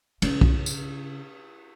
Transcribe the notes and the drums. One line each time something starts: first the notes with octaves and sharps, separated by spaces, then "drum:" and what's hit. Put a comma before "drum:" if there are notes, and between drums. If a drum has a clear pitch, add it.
C#3 C#4, drum: cymbal
drum: kick
drum: tambourine